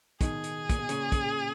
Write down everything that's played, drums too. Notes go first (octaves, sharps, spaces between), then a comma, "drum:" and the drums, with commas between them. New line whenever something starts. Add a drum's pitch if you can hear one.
B2 D#3 G#4, drum: kick, hi-hat
drum: hi-hat
A#2, drum: kick, hi-hat
B2
A#2 C#3, drum: hi-hat
drum: kick, hi-hat